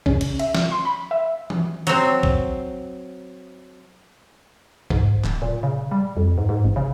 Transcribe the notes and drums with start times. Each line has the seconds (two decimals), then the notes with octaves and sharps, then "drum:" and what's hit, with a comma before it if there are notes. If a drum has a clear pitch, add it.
0.06 C#3, drum: kick
0.21 drum: cymbal
0.39 E5, drum: cymbal
0.55 drum: snare
0.71 C6
0.85 B5
1.11 E5
1.50 drum: tom E3
1.87 F#3 C4, drum: hi-hat
2.23 drum: kick
4.90 G#2, drum: kick
5.24 D1, drum: clap
5.42 A#2
5.63 C#3
5.91 G3
6.17 F2
6.38 G#2
6.49 G#2
6.65 A1
6.76 C#3